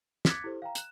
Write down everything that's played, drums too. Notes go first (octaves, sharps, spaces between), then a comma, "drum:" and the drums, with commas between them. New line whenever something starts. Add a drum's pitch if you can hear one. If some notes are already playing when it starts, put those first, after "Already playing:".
D6 F#6 G#6 A6 B6 C#7, drum: snare
E4 G4 A4 C5
F5 G5 A#5
F#6 E7, drum: hi-hat